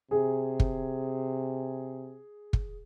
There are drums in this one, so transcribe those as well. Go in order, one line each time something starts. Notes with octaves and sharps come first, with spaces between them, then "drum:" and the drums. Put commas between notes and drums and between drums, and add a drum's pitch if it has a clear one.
C3 G#4
drum: kick
drum: kick